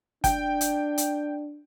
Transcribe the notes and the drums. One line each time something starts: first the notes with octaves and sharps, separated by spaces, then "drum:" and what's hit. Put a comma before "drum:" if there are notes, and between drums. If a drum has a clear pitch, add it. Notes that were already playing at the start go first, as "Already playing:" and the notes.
D4 G5, drum: kick, hi-hat
drum: hi-hat
drum: hi-hat